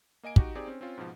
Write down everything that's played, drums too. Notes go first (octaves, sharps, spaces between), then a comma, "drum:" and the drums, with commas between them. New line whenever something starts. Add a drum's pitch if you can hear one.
A#3 D#5 G#5 D7
D#4 F#4 G4, drum: kick
C4 D#4 G4 G#4 D5
C4 C#4
C4 C#4 F4
G#2 B2 F3